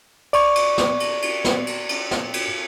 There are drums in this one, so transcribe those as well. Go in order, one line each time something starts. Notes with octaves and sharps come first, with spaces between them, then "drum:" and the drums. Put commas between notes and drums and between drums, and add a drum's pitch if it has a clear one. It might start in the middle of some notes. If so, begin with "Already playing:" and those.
D5 C#6, drum: cymbal
drum: cymbal
drum: snare
drum: cymbal
drum: cymbal
drum: snare
drum: cymbal
drum: cymbal
drum: snare
drum: cymbal